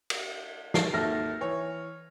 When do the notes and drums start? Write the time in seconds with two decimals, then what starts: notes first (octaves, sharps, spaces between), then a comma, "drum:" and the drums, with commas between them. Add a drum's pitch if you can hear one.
0.10 drum: cymbal
0.74 C7, drum: snare
0.93 G#1 D#2 A4 E5 F6 A#6
1.41 E3 C#5